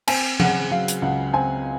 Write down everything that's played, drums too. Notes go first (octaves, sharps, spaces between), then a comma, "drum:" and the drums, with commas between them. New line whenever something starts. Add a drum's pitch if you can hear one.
C4 G#5, drum: cymbal
C#3 F#5, drum: tom F3
F#3 F5
drum: hi-hat
C#2 F#5
C4 G#5